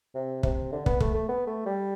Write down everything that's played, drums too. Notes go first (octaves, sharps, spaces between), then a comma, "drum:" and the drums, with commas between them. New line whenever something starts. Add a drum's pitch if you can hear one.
C3
C3, drum: kick
D3
B3, drum: kick
A3, drum: kick
A3
B3
A3
G3